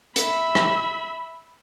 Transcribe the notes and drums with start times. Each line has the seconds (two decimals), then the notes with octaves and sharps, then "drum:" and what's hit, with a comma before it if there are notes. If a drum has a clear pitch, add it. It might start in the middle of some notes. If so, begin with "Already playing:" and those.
0.16 E5 B5, drum: hi-hat
0.55 drum: rim click